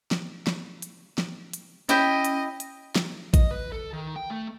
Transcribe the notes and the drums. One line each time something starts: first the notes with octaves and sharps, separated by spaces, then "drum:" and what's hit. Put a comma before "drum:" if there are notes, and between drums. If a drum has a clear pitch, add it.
drum: snare
drum: snare
drum: hi-hat
drum: snare
drum: hi-hat
C#4 E4 G4 D#5 G5, drum: hi-hat
drum: hi-hat
drum: hi-hat
drum: snare
D#5, drum: kick A#1, hi-hat
B4
A4
D#3
G5
A3